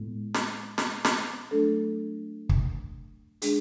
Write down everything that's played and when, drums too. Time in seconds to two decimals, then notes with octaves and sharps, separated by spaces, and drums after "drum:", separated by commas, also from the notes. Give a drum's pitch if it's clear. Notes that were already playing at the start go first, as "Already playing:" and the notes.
Already playing: A2 G#3 B3 E4
0.34 drum: snare
0.78 drum: snare
1.05 drum: snare
1.51 F#3 A3 D4 A4
2.49 drum: kick
3.42 G#3 D4 G#4, drum: hi-hat